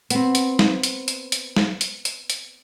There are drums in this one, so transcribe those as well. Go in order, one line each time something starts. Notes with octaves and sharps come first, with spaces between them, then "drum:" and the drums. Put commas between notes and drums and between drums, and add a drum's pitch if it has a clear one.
B3 C4, drum: hi-hat
drum: hi-hat
drum: snare
drum: hi-hat
drum: hi-hat
drum: hi-hat
drum: snare
drum: hi-hat
drum: hi-hat
drum: hi-hat